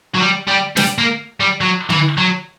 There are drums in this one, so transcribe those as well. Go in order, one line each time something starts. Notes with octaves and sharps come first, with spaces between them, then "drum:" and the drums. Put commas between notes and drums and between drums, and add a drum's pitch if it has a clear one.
F#3
G3
G3
G3, drum: snare
A#3
G3
F#3
E3, drum: tom D3
F#3